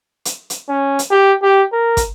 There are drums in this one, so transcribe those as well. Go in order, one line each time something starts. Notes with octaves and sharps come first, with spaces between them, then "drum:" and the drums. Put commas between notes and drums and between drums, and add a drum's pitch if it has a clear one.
drum: hi-hat
drum: hi-hat
C#4
drum: hi-hat
G4
G4
A#4
drum: kick, hi-hat